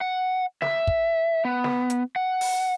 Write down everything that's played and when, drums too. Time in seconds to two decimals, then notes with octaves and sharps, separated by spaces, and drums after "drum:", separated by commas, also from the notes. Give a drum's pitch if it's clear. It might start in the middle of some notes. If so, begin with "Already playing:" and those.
0.01 F#5
0.62 E5, drum: snare
0.87 drum: kick
1.45 B3
1.64 drum: snare
1.90 drum: hi-hat
2.16 F#5
2.41 drum: open hi-hat